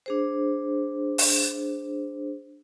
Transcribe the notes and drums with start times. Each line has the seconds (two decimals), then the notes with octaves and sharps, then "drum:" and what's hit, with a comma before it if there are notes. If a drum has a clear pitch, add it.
0.06 D4 G#4 C5
1.18 drum: open hi-hat